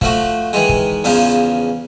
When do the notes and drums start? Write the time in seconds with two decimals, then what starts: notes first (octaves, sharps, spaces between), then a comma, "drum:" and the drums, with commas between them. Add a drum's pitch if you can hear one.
0.01 F3 A3 F#4, drum: kick
0.53 D#3 E3 G#3
0.69 drum: kick
1.04 E2 C#3 F3, drum: open hi-hat